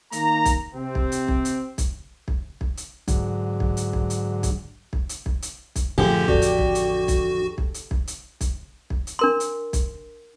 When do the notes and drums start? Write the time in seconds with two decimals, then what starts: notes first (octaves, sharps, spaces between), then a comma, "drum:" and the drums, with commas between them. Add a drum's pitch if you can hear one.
0.12 D#3 A#3 A#5, drum: hi-hat
0.45 drum: kick, hi-hat
0.75 C3 C4
0.95 drum: kick
1.12 drum: hi-hat
1.28 drum: kick
1.45 drum: hi-hat
1.78 drum: kick, hi-hat
2.28 drum: kick
2.61 drum: kick
2.77 drum: hi-hat
3.08 G#2 D3 F#3, drum: kick, hi-hat
3.60 drum: kick
3.77 drum: hi-hat
3.93 drum: kick
4.10 drum: hi-hat
4.43 drum: kick, hi-hat
4.93 drum: kick
5.09 drum: hi-hat
5.26 drum: kick
5.42 drum: hi-hat
5.76 drum: kick, hi-hat
5.98 F#2 A2 D3 F3 F4 G4 G#4
6.28 A1 F2 D3 F#4, drum: kick
6.42 drum: hi-hat
6.58 drum: kick
6.75 drum: hi-hat
7.08 drum: kick, hi-hat
7.58 drum: kick
7.74 drum: hi-hat
7.91 drum: kick
8.07 drum: hi-hat
8.41 drum: kick, hi-hat
8.90 drum: kick
9.07 drum: hi-hat
9.19 D4 A#4 C6
9.40 drum: hi-hat
9.73 drum: kick, hi-hat